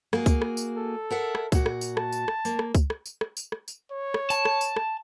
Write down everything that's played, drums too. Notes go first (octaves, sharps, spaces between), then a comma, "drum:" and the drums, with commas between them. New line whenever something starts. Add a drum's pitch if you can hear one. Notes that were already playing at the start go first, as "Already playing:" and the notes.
A#3 F#4 G#4, drum: rim click
drum: kick C#2, tambourine
drum: rim click
drum: tambourine
A4
A#4 E5 F#5
drum: rim click
A#2 F#4, drum: kick C#2, tambourine
drum: rim click
drum: tambourine
A5, drum: rim click
drum: tambourine
drum: rim click
A#3, drum: tambourine
drum: rim click
drum: kick C#2, tambourine
drum: rim click
drum: tambourine
drum: rim click
drum: tambourine
drum: rim click
drum: tambourine
C#5
drum: rim click
A5, drum: tambourine
drum: rim click
drum: tambourine
drum: rim click